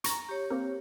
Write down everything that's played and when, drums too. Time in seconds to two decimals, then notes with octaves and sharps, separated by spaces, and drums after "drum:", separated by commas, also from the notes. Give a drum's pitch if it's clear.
0.04 A#5 C#6, drum: hi-hat
0.29 G4 C#5
0.50 A#3 C4